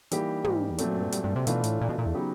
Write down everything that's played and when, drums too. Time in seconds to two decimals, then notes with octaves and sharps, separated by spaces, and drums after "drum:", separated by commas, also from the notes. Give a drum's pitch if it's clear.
0.11 E3 G3 A#3 D#4 G4, drum: hi-hat
0.44 G#2, drum: tom
0.71 E2
0.78 F2 A#2 F#3 A3 C4, drum: hi-hat
0.90 F#2
1.02 G2
1.12 G2, drum: hi-hat
1.24 G2
1.36 C3
1.47 B2 E3 A3 D4 F4, drum: hi-hat
1.64 A2, drum: hi-hat
1.81 A#2
1.89 B2
1.98 A#2
2.06 E2
2.15 C#3 F#3 B3 D#4 G4